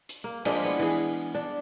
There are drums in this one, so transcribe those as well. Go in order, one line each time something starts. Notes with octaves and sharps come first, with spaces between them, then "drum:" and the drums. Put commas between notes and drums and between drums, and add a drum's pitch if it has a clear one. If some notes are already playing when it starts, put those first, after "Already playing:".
drum: hi-hat
A#3
F3 G#3 A#3 D4, drum: cymbal
B3 E4
E3 G#4
D4